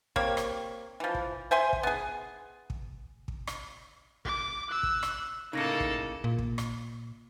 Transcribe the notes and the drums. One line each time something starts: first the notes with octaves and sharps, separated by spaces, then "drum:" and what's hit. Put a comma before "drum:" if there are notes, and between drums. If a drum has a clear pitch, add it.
A#3 C4 G4 C#5, drum: kick
drum: rim click
E3 F3
drum: kick
C5 E5 G#5 C6
drum: kick
B3 G#4
drum: kick
drum: kick
drum: rim click
D6, drum: kick
E6 F#6
drum: kick
drum: rim click
A2 C#3 A#3 D#4 A4 A#6 C#7
drum: kick
A#2
drum: kick
drum: rim click